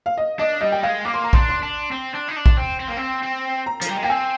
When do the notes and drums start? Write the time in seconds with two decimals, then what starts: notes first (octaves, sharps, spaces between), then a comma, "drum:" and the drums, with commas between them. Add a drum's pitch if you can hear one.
0.06 F5
0.17 D#5
0.39 D4 D#5
0.61 G3 D#5
0.72 G5
0.83 G#3 F5
1.05 A#3 D6
1.14 C6
1.24 A#5
1.33 D4 C6, drum: kick
1.49 C6
1.63 D4
1.92 C4
2.14 D4
2.28 D#4
2.36 D4
2.46 drum: kick
2.57 C4
2.80 C4
2.88 A#3
2.97 C4
3.23 C4
3.66 A#5
3.82 F3, drum: hi-hat
3.89 G3
3.95 G#3
4.03 A#3 G5
4.09 C4 G#5